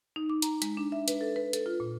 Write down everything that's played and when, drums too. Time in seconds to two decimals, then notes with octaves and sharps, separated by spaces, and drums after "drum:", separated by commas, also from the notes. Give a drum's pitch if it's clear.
0.16 D#4
0.30 D6
0.42 A#5, drum: hi-hat
0.62 G#3, drum: hi-hat
0.77 D4
0.92 E5
1.08 B4, drum: hi-hat
1.21 A4
1.36 B4
1.53 A4, drum: hi-hat
1.66 F4
1.80 A#2